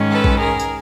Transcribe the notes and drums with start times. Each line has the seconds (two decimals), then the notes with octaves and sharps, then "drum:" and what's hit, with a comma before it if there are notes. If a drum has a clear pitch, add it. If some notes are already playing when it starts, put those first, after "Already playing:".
Already playing: G#2 D#3 G#3 C#4
0.11 A4 B4
0.24 drum: kick A#1
0.40 G#4 A#4
0.60 drum: tambourine